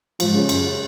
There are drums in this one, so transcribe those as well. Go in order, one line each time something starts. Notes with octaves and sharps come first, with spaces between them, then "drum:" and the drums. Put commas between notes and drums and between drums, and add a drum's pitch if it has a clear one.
G#2 F3, drum: cymbal
C#3
F#2, drum: cymbal